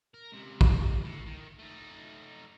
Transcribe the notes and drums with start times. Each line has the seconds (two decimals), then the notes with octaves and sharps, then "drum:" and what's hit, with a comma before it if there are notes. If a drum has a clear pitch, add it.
0.14 A#4
0.32 C#2 C3
0.61 drum: kick
1.04 A2
1.27 D#3
1.59 A3 D#4